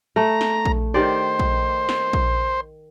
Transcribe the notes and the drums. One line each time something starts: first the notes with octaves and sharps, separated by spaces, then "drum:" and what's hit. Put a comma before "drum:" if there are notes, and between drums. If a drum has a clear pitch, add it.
A3 A#5
drum: snare
drum: kick A#1
D#3 G4 C5 D5
drum: kick A#1
drum: snare
drum: kick A#1